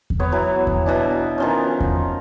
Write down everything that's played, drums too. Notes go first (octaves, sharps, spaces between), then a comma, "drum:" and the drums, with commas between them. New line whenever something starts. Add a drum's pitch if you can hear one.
drum: kick E2
B3 C#5
E3 F#3
drum: kick E2
B2 E3 D4
D#3 F3 C#4
drum: kick E2